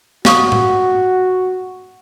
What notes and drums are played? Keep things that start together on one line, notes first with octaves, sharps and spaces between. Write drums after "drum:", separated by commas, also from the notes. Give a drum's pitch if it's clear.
F#4 F5 C#6 D#6, drum: snare
drum: tom A2